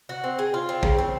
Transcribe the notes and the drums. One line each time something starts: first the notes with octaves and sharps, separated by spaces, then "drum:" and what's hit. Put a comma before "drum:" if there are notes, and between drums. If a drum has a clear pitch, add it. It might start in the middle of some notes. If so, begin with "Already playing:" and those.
F#4
C4
G#4
F4
C4
C#3, drum: kick
C4